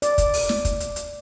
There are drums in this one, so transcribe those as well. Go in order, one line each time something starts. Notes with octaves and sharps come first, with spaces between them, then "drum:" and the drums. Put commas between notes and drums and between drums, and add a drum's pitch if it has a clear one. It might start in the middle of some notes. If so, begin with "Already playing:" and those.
D5, drum: hi-hat
drum: kick, hi-hat
drum: open hi-hat
drum: snare
drum: kick, hi-hat
drum: hi-hat
drum: hi-hat